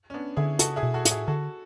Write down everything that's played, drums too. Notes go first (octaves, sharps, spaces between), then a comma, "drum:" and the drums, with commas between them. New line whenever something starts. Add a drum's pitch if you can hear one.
C#4
B3 D4
D3 E4 G#4
C#3 F#4 A4, drum: hi-hat
E4 G#4
B2
F#4 A4
A2, drum: hi-hat
E4 G#4
D3 F#4 A4